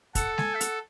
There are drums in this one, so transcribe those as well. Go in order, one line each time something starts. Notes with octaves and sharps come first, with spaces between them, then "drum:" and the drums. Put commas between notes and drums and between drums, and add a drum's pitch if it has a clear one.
A4 F#5, drum: kick, hi-hat
G#5, drum: snare
E5
F#5, drum: hi-hat